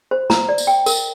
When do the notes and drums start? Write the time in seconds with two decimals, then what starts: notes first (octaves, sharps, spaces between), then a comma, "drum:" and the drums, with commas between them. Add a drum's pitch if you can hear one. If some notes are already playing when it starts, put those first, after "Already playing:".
0.11 C5
0.30 A#5, drum: snare
0.49 D5
0.58 drum: tambourine
0.67 G5
0.86 A#4, drum: tambourine